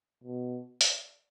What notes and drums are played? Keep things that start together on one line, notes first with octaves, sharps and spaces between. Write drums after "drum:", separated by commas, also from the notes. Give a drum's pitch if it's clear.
B2
drum: hi-hat